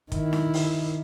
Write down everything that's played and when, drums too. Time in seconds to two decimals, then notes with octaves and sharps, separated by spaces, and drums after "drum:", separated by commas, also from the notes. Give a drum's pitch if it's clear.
0.12 D#3 E4, drum: kick, hi-hat
0.33 drum: snare D4
0.54 drum: open hi-hat